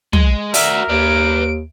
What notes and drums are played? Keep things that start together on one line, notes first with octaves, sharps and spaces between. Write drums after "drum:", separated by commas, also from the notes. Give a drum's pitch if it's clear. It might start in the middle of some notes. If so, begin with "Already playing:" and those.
G#3, drum: tom
F#4 A#4 D5 E5, drum: open hi-hat
D#2 B4 D5 D7